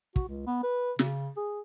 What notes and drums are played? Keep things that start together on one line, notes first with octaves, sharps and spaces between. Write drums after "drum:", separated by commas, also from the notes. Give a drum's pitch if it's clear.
F#4, drum: kick
C#2
B3
B4
C#3, drum: snare
G#4